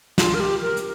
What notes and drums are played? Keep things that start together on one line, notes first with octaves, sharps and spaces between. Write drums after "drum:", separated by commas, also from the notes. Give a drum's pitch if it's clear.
F4, drum: snare
A#4
G4
A#4
drum: hi-hat